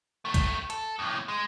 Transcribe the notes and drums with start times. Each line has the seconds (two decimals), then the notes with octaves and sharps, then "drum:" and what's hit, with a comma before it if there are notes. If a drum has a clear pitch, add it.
0.25 D#3 A3
0.34 drum: kick B1, hi-hat
0.70 A4, drum: hi-hat
0.99 F2 A2
1.28 G#3